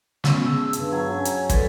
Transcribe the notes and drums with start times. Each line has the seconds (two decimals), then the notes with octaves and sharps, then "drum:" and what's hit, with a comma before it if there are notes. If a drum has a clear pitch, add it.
0.24 G#3 B3 C#4 E6, drum: snare
0.44 G#4 A5 E6
0.73 G2, drum: hi-hat
0.92 F#3 G#6
1.11 C#4
1.25 drum: hi-hat
1.50 A4 B4 D5 C6, drum: kick, hi-hat